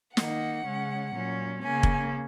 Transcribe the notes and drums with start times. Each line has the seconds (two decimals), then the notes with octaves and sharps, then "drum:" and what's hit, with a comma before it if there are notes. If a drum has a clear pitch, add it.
0.17 D#3 A#3 D#4 F#5, drum: snare
0.65 C#3 G#3 C#4
1.14 A#2 F#3 C#4
1.62 C#3 A#3 C#4 G#5
1.83 drum: kick F1